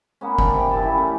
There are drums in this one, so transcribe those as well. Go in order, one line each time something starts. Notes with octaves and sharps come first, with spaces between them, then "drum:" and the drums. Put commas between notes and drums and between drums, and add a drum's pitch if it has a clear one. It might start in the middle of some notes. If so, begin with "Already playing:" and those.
A#3 B3 C#4
D4 G5, drum: kick F#1
C3 G5
F#2 E3 B4 A5
C#4 E4 G4 A#4
A3